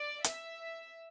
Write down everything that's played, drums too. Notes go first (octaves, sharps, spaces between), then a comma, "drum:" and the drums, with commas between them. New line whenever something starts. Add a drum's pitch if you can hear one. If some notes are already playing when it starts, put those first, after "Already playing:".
Already playing: D5
E5, drum: hi-hat